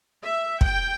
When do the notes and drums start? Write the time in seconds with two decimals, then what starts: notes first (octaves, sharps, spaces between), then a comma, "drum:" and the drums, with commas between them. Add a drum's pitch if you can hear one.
0.21 E5
0.61 G5, drum: kick